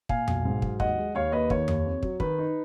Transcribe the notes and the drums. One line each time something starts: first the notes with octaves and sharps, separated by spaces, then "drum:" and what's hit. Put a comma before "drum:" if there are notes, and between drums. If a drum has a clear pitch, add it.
A#2 F5 G#5, drum: kick
B1, drum: tom F2
G#2
F#3, drum: kick
D#2 D#5 F#5, drum: kick
G#3
D#2 C#5 F5
A#3 B4 D#5
D#3 C#5, drum: kick
D#2, drum: tom F2
F2
F#3, drum: kick
D#3 B4, drum: kick
D#4